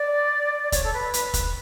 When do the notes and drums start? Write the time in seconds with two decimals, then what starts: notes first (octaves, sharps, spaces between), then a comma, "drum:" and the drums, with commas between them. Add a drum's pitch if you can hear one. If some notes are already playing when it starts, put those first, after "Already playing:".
Already playing: D5
0.63 D5
0.72 C#5, drum: kick, hi-hat
0.83 A4
0.93 B4
1.14 B4, drum: hi-hat
1.34 drum: kick, hi-hat